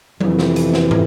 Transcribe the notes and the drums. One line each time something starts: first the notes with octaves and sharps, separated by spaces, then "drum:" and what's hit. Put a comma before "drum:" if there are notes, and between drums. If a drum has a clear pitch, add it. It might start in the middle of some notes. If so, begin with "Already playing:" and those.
F2 C3 E3, drum: tom F#3
drum: snare
drum: hi-hat
drum: snare
drum: tom